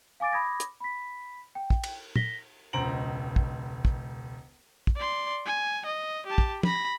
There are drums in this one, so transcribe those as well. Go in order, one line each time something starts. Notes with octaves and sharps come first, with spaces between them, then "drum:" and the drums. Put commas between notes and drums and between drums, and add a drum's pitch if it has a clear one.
F5 G#5 D6 A6 D7
B5 D6 D#6 G#6 A#6
drum: hi-hat
B5 B6
G5
drum: kick
drum: cymbal
A#6 B6 G7, drum: tom
E1 C#2 C5 A#5 D7 F#7
drum: kick
drum: kick
drum: kick
D5 C6
G#5
D#5
G4 A5
drum: kick
B5 A#6, drum: tom